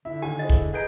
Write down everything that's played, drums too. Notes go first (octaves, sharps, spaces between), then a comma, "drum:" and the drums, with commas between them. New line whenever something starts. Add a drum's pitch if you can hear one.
D3 E4 E5
D#2 G4 G#5
E4 G#4 C5 D#5
drum: kick
G#4 B4 D#5 G#5 A#5 G6 D7